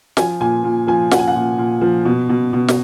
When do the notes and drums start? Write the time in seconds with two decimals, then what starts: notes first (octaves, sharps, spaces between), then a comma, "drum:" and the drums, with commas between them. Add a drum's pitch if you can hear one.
0.17 F3 G#5, drum: snare
0.40 A#2 G#5
0.64 A#2
0.87 F3 G#5
1.11 F3 F#5, drum: snare
1.19 G#5
1.28 F#5
1.35 A#2
1.58 A#2
1.81 F3
2.05 B2
2.29 B2
2.53 B2
2.68 drum: snare